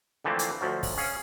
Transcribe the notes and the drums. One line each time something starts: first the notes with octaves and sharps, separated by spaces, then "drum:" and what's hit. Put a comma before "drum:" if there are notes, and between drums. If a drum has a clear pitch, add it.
D3 E3 F3 A3 A#3 C4
drum: hi-hat
D2 F3 F#3
drum: kick, open hi-hat
C#4 G#4 F5, drum: open hi-hat